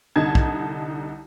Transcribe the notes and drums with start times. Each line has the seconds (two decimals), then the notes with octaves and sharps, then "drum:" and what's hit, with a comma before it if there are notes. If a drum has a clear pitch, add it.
0.16 C2 D3 D#4 A5 G#6
0.35 drum: kick